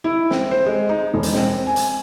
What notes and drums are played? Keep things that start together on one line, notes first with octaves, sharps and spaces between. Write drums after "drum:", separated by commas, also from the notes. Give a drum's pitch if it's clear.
E4
C4, drum: snare
C5
G#3
D#4
E1
drum: hi-hat
C4, drum: snare
G#5
drum: hi-hat